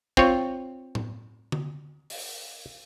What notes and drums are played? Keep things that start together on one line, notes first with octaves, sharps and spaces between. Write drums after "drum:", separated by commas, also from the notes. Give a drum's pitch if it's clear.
C4 F4 C#5, drum: kick
drum: tom A2
drum: tom D3
drum: open hi-hat